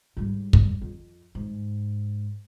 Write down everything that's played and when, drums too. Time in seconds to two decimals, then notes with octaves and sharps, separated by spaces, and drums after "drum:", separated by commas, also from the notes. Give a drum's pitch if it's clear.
0.17 G#2 G3
0.53 drum: kick
0.82 F2
1.35 G#2